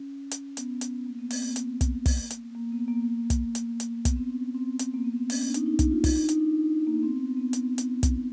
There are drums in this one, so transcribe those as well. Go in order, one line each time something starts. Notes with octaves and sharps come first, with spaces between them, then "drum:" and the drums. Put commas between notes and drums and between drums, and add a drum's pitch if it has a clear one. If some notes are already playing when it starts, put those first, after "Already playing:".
Already playing: C#4
drum: hi-hat
B3, drum: hi-hat
drum: hi-hat
A#3
B3
C4, drum: open hi-hat
A#3
drum: hi-hat
drum: kick, hi-hat
drum: kick, open hi-hat
drum: hi-hat
A#3
B3
A#3
A#3
drum: kick, hi-hat
drum: hi-hat
drum: hi-hat
B3, drum: kick, hi-hat
C4
C#4
C4
drum: hi-hat
A#3
B3
C4
C#4, drum: open hi-hat
D4
D#4, drum: hi-hat
D#4
drum: kick, hi-hat
F4
D#4, drum: kick, open hi-hat
D4
D#4, drum: hi-hat
D4
A#3
B3
C4
B3
B3
drum: hi-hat
drum: hi-hat
drum: kick, hi-hat